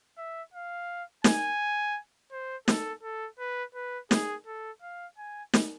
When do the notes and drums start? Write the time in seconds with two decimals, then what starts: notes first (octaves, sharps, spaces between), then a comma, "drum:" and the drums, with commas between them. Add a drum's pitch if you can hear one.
0.17 E5
0.53 F5
1.24 G#5, drum: snare
2.32 C5
2.68 A4, drum: snare
3.03 A4
3.39 B4
3.75 B4
4.11 G#4, drum: snare
4.46 A4
4.82 F5
5.18 G#5
5.53 drum: snare